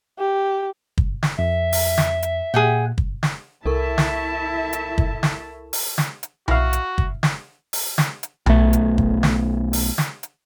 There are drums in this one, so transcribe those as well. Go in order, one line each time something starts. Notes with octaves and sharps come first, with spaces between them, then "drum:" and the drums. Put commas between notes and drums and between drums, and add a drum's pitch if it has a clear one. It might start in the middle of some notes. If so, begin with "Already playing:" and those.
G4
drum: kick
drum: snare
F2 E5
drum: open hi-hat
drum: snare
drum: hi-hat
A#2 G#4 F#5 G5
drum: kick
drum: snare
C2 E4 A4 A#4 E5 A5 C#6
drum: snare
drum: hi-hat
drum: kick
drum: snare
drum: open hi-hat
drum: snare
drum: hi-hat
E4 F#4 F5, drum: tom B1
drum: hi-hat
drum: kick
drum: snare
drum: open hi-hat
drum: snare
drum: hi-hat
B1 A3, drum: tom B1
drum: hi-hat
drum: kick
drum: snare
drum: open hi-hat
drum: snare
drum: hi-hat